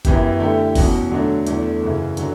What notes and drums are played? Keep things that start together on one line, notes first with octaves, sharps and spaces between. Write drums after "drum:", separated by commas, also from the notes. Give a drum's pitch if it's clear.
F#2 E3 B3 E4 G4, drum: kick F#1, hi-hat
D3 A3 E4 G4
E2 B2 F#3 C#4 F#4, drum: kick F#1, open hi-hat
D3 F#3 A3 D4
E2 D3 A3, drum: hi-hat
F#2 C#3 E3
D3 F#3, drum: hi-hat